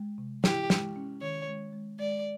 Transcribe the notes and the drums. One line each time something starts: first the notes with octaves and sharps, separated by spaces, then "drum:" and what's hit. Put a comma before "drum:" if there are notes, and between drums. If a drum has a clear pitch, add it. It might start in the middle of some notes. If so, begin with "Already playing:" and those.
Already playing: G#3
C3
E4 G4, drum: snare
G#3, drum: snare
C#4
D#3 C#5
G#3
G#3
G#3 D5